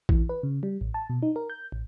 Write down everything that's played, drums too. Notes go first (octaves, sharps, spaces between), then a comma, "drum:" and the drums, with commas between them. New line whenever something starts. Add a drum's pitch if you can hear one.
E3, drum: kick A1
B4
C#3
G3
A1
A5
B2
D#4
A#4
G6
A1